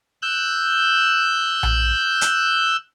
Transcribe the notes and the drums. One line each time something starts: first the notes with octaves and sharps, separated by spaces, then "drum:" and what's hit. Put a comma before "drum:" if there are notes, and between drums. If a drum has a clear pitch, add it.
E6 F#6 G6
drum: tom A#1
drum: hi-hat